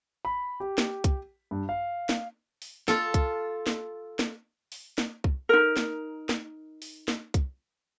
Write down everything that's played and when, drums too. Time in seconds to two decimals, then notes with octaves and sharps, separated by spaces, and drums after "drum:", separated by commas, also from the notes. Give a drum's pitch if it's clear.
0.25 B5
0.60 G4
0.78 drum: snare
1.04 drum: kick C2, hi-hat
1.51 G2
1.69 F5
2.09 drum: snare
2.62 drum: open hi-hat
2.88 F4 A4, drum: snare
3.14 drum: kick C2, hi-hat
3.67 drum: snare
4.19 drum: snare
4.72 drum: open hi-hat
4.98 drum: snare
5.24 drum: kick C2
5.49 D#4 A#4
5.77 drum: snare
6.29 drum: snare
6.82 drum: open hi-hat
7.08 drum: snare
7.34 drum: kick C2, hi-hat